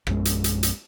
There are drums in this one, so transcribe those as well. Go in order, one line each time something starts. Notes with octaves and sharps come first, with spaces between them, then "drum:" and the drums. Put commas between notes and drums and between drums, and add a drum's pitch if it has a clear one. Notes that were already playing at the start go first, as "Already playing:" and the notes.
A#1 F#2 G#3, drum: rim click
drum: hi-hat
drum: hi-hat
drum: hi-hat